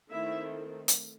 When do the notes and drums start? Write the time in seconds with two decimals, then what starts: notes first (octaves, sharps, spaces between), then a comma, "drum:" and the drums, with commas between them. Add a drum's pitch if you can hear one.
0.11 D#3 A3 C4 E4 E5
0.88 drum: hi-hat